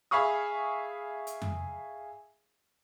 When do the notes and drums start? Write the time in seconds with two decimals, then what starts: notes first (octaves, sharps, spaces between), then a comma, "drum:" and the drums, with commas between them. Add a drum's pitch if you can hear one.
0.11 G#4 E5 F5 B5 C#6 D#6
1.27 drum: hi-hat
1.42 drum: tom F2